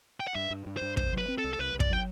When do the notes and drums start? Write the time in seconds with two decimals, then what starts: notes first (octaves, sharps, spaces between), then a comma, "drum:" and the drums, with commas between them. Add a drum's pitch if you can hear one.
0.20 G5
0.27 F#5
0.35 G2 E5
0.50 G2
0.66 G2
0.77 G2 C5
0.97 C2 C5, drum: kick
1.13 F#3 B4
1.28 C4
1.38 A4
1.44 C2
1.53 A4
1.59 C2 B4
1.74 C2
1.80 D5, drum: kick
1.90 F#3 G5